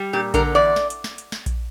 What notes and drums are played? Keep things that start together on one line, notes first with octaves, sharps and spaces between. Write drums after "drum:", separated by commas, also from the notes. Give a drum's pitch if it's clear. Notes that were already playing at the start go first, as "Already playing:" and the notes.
Already playing: G3
A#2 G4
D3 A#4, drum: kick A#1, hi-hat
E2 D5
drum: snare
drum: hi-hat
drum: snare
drum: hi-hat
drum: snare
drum: kick A#1, hi-hat